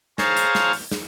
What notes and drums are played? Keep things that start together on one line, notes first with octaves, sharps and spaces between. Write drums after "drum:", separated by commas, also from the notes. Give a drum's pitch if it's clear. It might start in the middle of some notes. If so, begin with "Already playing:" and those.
G#4 C5 C#5 F5 A5 A#5, drum: snare
drum: hi-hat
drum: snare
drum: open hi-hat
drum: snare